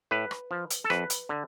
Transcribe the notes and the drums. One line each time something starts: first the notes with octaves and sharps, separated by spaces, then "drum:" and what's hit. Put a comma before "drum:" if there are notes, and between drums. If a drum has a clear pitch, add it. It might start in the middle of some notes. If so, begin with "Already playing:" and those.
A2 B4
drum: rim click
F3
drum: hi-hat
A4
F2 B4, drum: rim click
drum: hi-hat
D3